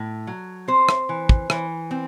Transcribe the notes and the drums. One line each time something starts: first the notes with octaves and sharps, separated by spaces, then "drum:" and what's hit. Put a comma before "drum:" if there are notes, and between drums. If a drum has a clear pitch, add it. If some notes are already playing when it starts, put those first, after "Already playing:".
Already playing: A2
F#3
C4 C5
drum: rim click
E3
drum: kick
E3, drum: rim click
C4